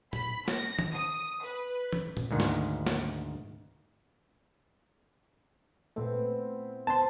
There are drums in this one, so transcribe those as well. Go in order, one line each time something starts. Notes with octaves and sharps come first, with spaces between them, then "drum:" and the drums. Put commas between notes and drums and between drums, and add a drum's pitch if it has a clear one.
B5, drum: tom
A#6, drum: snare
drum: tom
D#6
B4
drum: tom E3
drum: tom
D2 G#2 D#3
drum: snare
drum: snare
A#2 A3 B3 C4 E4
B3 C4 G4 C5 A5